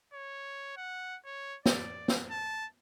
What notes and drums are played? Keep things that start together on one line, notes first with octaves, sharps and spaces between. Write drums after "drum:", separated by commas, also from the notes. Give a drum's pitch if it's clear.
C#5
F#5
C#5
D5, drum: snare
drum: snare
A5